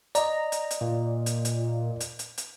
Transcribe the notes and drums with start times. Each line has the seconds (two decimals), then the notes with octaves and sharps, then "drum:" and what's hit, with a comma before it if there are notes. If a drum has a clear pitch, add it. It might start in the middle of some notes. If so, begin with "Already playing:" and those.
0.15 D5 D#5 A#5, drum: hi-hat
0.52 drum: hi-hat
0.71 drum: hi-hat
0.81 A#2
1.26 drum: hi-hat
1.45 drum: hi-hat
2.01 drum: hi-hat
2.19 drum: hi-hat
2.38 drum: hi-hat